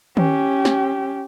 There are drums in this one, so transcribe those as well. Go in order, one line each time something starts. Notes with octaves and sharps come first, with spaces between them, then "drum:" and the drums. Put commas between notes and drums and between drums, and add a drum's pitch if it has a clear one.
C#4 G4, drum: tom D#3
drum: snare